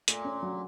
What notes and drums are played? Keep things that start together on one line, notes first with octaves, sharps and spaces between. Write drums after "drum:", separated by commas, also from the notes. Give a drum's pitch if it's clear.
A#2 A3, drum: hi-hat
C#4
F#3